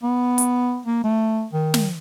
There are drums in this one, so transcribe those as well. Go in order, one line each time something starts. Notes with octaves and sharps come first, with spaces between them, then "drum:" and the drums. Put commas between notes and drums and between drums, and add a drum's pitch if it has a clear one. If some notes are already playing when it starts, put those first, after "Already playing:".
B3
drum: hi-hat
A#3
A3
D#3
drum: snare